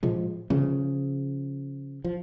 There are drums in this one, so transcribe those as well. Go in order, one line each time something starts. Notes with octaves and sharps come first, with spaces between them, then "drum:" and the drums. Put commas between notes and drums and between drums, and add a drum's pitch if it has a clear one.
F3 G#3, drum: tom A2
C#3 F3, drum: tom C3
F3